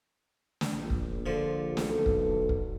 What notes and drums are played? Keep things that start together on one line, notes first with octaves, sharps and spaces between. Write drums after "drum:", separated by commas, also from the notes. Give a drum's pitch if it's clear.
drum: snare
A#1
drum: kick
D3 F3
drum: snare
B1 A4
drum: kick
drum: kick